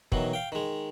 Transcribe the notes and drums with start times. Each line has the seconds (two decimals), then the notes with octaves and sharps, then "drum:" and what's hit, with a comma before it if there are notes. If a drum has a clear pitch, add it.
0.12 B2 D#3 E3 F#3, drum: kick
0.33 F5 G5
0.52 D#3 G#3